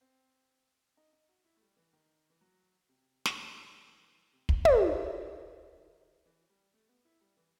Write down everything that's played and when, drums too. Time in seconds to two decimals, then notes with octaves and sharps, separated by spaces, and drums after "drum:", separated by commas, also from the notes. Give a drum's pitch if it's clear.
0.01 C4
0.97 D#4
1.13 D#4
1.28 F#4
1.45 E4
1.57 A3
1.61 G3
1.77 E3
1.93 D#3
2.30 E3
2.41 F#3
2.89 C3
3.26 drum: snare
3.37 D#3
3.85 E3
4.33 C3
4.49 D#3, drum: kick
4.65 B2, drum: tom
4.81 C3
5.77 D#3
6.25 E3
6.49 G3
6.74 A3
6.89 B3
7.05 E4
7.21 G3
7.37 E3